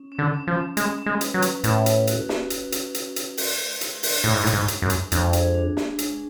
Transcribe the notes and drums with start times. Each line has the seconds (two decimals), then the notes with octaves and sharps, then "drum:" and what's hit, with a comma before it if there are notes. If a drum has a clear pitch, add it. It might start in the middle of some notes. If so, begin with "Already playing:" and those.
Already playing: C#4
0.12 C#4
0.19 D3
0.34 C#4
0.47 F3
0.55 C#4
0.77 G#3 C#4, drum: hi-hat
0.99 C#4
1.06 G#3
1.21 B4, drum: hi-hat
1.34 F#3
1.42 B4, drum: hi-hat
1.64 A2 C#4, drum: hi-hat
1.86 B4, drum: hi-hat
2.07 F#4, drum: hi-hat
2.29 C#4, drum: snare
2.50 B4, drum: hi-hat
2.72 C#4, drum: hi-hat
2.94 C#4, drum: hi-hat
3.16 B4, drum: hi-hat
3.37 G#3, drum: open hi-hat
3.60 G#3
3.81 G#4, drum: hi-hat
4.03 D4, drum: open hi-hat
4.24 A2 G#4
4.34 G#2
4.43 A2
4.47 G#3, drum: hi-hat
4.54 G#2
4.68 G#3, drum: hi-hat
4.82 F#2
4.90 G#3, drum: hi-hat
5.12 F2 D4, drum: hi-hat
5.33 G#4, drum: hi-hat
5.55 D4
5.77 D4, drum: snare
5.99 G#3, drum: hi-hat